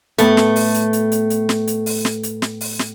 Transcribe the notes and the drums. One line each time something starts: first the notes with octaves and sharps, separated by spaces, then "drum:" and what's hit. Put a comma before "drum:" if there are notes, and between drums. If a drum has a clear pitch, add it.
A2 A3 B3, drum: hi-hat
drum: snare
drum: open hi-hat
drum: hi-hat
drum: hi-hat
drum: hi-hat
drum: hi-hat
drum: snare
drum: hi-hat
drum: open hi-hat
drum: snare
drum: hi-hat
drum: snare
drum: open hi-hat
drum: snare